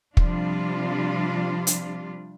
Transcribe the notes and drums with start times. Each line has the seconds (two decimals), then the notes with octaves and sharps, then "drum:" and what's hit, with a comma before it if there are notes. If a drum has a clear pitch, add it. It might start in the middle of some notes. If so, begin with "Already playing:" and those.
0.17 C3 F3 G3 D4 F4, drum: kick
1.67 drum: hi-hat